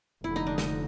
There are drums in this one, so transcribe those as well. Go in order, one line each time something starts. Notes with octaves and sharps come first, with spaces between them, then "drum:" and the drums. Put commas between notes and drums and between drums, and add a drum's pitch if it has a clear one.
F1 F2 D3 E4
D#4
D4
D#4, drum: snare